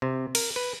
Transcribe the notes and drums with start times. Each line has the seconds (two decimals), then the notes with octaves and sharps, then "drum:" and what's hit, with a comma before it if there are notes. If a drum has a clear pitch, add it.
0.02 C3
0.35 A#4, drum: cymbal
0.56 B4